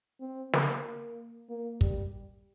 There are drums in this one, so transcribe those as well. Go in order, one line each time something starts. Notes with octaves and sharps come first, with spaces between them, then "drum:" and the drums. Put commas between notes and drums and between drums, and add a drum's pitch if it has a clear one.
C4
A#3, drum: snare
A#3
G3, drum: kick